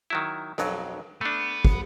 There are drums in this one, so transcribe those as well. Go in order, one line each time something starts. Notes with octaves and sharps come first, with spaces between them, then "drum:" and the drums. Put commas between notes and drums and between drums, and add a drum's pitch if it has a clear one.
D#3 F#3 E4
B1 F2 F#3, drum: rim click
A3 B3 D4
drum: kick